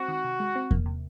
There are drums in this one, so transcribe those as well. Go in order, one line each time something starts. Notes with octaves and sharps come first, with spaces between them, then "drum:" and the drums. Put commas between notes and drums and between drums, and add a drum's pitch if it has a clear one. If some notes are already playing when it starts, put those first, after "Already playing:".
Already playing: G#3 C4 F#4
D#3
C3
G#3
C4
A#3, drum: kick E2
C3